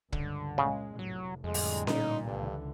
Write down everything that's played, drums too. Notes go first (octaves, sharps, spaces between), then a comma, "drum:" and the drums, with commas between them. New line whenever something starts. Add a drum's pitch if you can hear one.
C#2 G2 D3, drum: kick
A#2 C#3 G#3
F1 A2 F#3
F2 A2 D3 G3 G#3
drum: open hi-hat
A#2 D#4, drum: snare C#4
C#2 G2 D3 E3